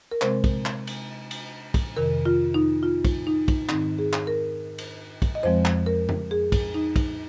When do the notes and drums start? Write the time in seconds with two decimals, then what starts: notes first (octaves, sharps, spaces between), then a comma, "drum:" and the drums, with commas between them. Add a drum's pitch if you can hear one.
0.11 A#4
0.22 C3 G#3 C4 C5, drum: clap
0.44 drum: kick, cymbal
0.66 drum: clap
0.87 drum: cymbal
1.31 drum: cymbal
1.74 drum: kick, cymbal
1.97 F2 C3 D#3 A#4
2.25 F4
2.54 D#4
2.83 F4
3.05 drum: kick, cymbal
3.27 D#4
3.48 drum: kick, cymbal
3.69 G#2 D#3 C4 D#4, drum: clap
3.99 G#4
4.13 drum: clap
4.27 A#4
4.78 drum: cymbal
5.22 drum: kick, cymbal
5.35 D#5
5.43 F2 F3 G#3 C4 C5
5.65 drum: clap
5.86 A#4
6.09 drum: tom F2
6.31 G#4
6.52 drum: kick, cymbal
6.74 D#4
6.96 drum: kick, cymbal